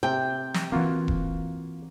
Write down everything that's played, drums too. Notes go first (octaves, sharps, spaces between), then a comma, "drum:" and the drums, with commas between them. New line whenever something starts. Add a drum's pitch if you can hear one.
C3 G5
drum: snare
E3 A#3 C4 F4 F#4
drum: kick E1